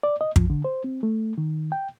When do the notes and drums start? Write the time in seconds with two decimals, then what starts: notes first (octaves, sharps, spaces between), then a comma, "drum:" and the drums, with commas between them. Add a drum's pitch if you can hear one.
0.03 D5
0.21 D#5
0.36 F3, drum: kick
0.50 D3
0.65 C5
0.84 C4
1.03 A3
1.38 D#3
1.72 G5